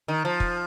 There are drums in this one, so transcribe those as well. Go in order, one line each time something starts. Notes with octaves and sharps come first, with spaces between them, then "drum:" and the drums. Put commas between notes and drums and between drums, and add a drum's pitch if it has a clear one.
D#3
F3
drum: kick